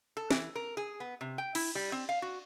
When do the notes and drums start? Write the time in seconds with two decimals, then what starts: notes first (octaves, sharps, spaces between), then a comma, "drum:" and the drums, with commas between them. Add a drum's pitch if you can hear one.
0.17 A4
0.31 E3, drum: snare
0.55 A#4
0.77 G#4
1.00 B3
1.21 C3
1.38 G5
1.55 E4, drum: cymbal
1.75 G3
1.92 C4
2.09 F5
2.22 F#4